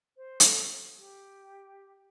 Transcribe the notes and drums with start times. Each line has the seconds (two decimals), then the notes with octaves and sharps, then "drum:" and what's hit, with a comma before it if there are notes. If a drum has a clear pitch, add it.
0.17 C5
0.40 A4, drum: hi-hat
0.99 G4